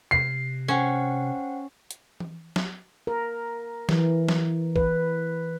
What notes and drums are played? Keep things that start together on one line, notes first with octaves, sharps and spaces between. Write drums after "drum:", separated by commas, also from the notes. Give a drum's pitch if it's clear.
C3 C7
C#4 C5 F#5 G5
drum: hi-hat
drum: tom E3
drum: snare
A#4
E3, drum: snare
drum: snare
B4, drum: kick